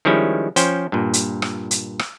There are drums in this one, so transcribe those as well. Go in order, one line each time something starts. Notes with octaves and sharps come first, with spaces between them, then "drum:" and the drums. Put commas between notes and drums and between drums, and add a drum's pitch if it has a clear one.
D#3 F3 G3 G#3 C#4 E4
F3 C#4 C5 G5, drum: hi-hat
G2 A#2
drum: hi-hat
drum: rim click
drum: hi-hat
drum: rim click